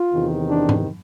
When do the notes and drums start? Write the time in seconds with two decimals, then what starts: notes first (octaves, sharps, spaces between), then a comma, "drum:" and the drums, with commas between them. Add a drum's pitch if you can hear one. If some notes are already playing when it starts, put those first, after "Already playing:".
Already playing: F4
0.12 E2 C3 D#3
0.49 D4
0.69 drum: tom G#2